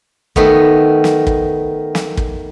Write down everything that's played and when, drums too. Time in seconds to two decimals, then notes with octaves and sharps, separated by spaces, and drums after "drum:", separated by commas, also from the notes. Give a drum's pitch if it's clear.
0.36 D#3 A3 B3, drum: kick
1.04 drum: snare
1.27 drum: kick
1.95 drum: snare
2.17 drum: kick